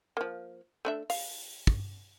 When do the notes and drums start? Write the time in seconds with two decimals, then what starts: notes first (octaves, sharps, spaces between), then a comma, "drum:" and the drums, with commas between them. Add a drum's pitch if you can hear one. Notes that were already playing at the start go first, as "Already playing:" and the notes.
0.17 F3 A#3
0.85 A3 D4 E5
1.10 F5, drum: open hi-hat
1.67 drum: kick